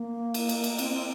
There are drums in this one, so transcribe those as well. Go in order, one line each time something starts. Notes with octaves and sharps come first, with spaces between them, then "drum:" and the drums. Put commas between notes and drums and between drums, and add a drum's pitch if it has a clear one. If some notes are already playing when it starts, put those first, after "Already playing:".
Already playing: A#3
drum: cymbal
drum: cymbal
drum: cymbal
C4, drum: cymbal
C4